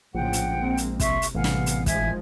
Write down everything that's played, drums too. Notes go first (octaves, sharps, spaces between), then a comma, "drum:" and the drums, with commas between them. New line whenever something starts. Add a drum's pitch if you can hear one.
A#1 A2 C#3 F3 F#5 G5
drum: hi-hat
G#3 A#3 C4
drum: hi-hat
C2 E5 C6 C#6, drum: kick, hi-hat
drum: hi-hat
A1 C3 G3 B3 F5 F#5 G#5
drum: snare
drum: hi-hat
D#3 F3 G#3 E5 G#5 G#6, drum: kick, hi-hat